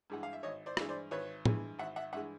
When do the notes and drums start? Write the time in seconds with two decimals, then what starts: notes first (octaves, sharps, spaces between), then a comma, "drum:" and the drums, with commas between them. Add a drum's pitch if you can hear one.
0.10 G2 E3 G#3 F#5
0.23 F5
0.33 E5
0.43 G#1 C#5 D#5
0.66 C5 D5
0.77 G2 E3 G#3, drum: rim click
0.89 C5 D5
1.11 G#1 B4 C#5
1.45 G2 E3 G#3, drum: tom A2
1.79 G#1 E5 F#5
1.96 E5 F#5
2.13 G2 E3 G#3 E5 F#5